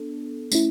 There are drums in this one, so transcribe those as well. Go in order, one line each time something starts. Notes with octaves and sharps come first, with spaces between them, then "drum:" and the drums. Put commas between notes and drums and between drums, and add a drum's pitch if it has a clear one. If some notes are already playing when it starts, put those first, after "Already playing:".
Already playing: B3 D4 A4
A3 C#4 E4, drum: tambourine